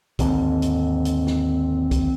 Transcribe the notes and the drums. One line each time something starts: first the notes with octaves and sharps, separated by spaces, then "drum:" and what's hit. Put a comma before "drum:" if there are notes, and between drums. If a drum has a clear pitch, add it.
D#2 G#2 D3 C4, drum: kick B1, hi-hat
drum: hi-hat
drum: hi-hat
drum: snare
drum: kick B1, hi-hat